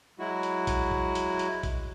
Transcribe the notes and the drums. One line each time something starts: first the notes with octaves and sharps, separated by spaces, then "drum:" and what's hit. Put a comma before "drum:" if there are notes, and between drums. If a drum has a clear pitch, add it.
F#3 G#3 E4 F#4
drum: hi-hat
drum: kick A#1, hi-hat
drum: kick A#1
drum: hi-hat
drum: hi-hat
drum: kick A#1, hi-hat